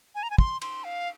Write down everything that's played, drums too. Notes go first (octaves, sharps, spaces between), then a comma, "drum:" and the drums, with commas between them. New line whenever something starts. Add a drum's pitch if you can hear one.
G#5
A#5
G#5
C6, drum: kick
C6, drum: cymbal
F5